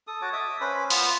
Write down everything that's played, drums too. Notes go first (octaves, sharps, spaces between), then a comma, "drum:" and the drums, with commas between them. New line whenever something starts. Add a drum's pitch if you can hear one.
A4 D#6
F#4 C#5 A5 D6
D#5 E5 D6 D#6
C#4 B4 C5 B5
B3 F4, drum: open hi-hat